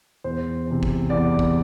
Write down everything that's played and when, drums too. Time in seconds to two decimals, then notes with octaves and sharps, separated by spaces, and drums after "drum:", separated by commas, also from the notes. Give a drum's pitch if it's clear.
0.24 E2 C5
0.67 C3 E3
0.83 drum: kick
1.10 E2 D5
1.39 drum: kick